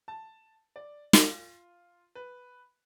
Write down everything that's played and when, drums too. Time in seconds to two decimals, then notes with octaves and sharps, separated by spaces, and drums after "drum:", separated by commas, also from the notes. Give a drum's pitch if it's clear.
0.08 A5
0.76 D5
1.13 F4, drum: snare
2.15 B4